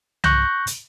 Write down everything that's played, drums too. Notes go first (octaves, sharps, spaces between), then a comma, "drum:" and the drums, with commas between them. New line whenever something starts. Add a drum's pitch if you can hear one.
C#6 F#6 G6 A#6, drum: tom C2
drum: hi-hat